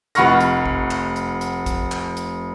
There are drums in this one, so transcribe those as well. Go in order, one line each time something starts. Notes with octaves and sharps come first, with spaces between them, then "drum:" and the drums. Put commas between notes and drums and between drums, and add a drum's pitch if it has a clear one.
F1 F#5 B5 C#6 F6 A#6, drum: hi-hat
drum: hi-hat
drum: kick A1
drum: clap
drum: hi-hat
drum: hi-hat
drum: kick A1, hi-hat
drum: clap
drum: hi-hat